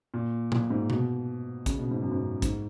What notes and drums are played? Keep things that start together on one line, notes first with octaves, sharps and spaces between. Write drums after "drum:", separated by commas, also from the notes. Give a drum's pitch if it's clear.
A#2
A#2, drum: tom A#2
G#2
B2, drum: tom C3
C#3, drum: kick, hi-hat
B2
G#2
F#2
G#2
G#2, drum: kick, hi-hat